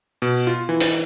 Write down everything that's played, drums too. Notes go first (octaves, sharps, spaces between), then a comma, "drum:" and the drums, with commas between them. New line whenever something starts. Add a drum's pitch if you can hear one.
B2
F4
E3
drum: hi-hat